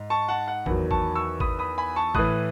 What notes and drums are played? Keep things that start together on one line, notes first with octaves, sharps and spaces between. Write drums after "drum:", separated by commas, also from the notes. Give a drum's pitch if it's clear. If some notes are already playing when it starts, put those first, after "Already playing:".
Already playing: G#2
A5 C#6
F#5 A5
F#5
E2 D#3 F#3, drum: kick G#1
A5 C#6, drum: kick G#1
C#6 E6
B5 D#6, drum: kick G#1
B5 D#6
G#5 B5
A5 C#6
A2 E3 D#6 F#6, drum: kick G#1